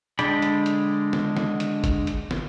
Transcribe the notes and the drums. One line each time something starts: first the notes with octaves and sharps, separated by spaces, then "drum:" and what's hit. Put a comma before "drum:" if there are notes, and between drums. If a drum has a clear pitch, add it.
D3 G#3 D4 G5 B5, drum: hi-hat
drum: hi-hat
drum: hi-hat
drum: snare
drum: snare
drum: hi-hat
drum: kick G1, hi-hat
drum: hi-hat
drum: snare